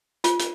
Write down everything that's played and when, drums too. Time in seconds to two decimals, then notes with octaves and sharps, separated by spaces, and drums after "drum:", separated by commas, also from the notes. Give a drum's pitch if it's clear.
0.24 F4, drum: hi-hat
0.39 drum: hi-hat